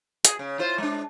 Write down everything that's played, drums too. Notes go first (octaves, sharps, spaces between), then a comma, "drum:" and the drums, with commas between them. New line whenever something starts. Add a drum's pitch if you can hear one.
G#4, drum: hi-hat
C#3
E4 F4 C5
G#3 D4